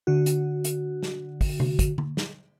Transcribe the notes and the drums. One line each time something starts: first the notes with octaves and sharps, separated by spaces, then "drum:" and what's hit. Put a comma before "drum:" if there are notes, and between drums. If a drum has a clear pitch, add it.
D3 F#4
drum: hi-hat
drum: hi-hat
drum: snare
drum: kick, open hi-hat
drum: tom C3
drum: kick, hi-hat
drum: tom D3
drum: snare